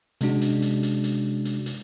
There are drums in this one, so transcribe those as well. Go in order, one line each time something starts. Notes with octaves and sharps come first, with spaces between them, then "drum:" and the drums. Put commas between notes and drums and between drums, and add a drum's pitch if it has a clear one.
C3 G#3 C#4 D4 F#4, drum: hi-hat
drum: hi-hat
drum: hi-hat
drum: hi-hat
drum: hi-hat
drum: hi-hat
drum: hi-hat